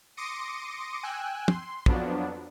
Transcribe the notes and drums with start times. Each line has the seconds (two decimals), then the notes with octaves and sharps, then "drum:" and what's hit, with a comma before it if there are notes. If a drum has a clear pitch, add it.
0.17 C6 D6 D#6 A#6 C#7 D#7
1.03 G5 G#5 E6 F#6
1.48 C6, drum: tom
1.86 F2 F3 F#3 B3 D4, drum: kick